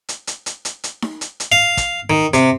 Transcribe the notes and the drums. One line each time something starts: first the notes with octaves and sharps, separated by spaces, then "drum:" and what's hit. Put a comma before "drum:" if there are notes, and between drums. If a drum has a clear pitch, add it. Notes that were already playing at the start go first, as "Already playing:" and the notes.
drum: hi-hat
drum: hi-hat
drum: hi-hat
drum: hi-hat
drum: hi-hat
drum: snare D#4
drum: hi-hat
drum: hi-hat
F5
drum: kick, hi-hat
D#3
C3, drum: hi-hat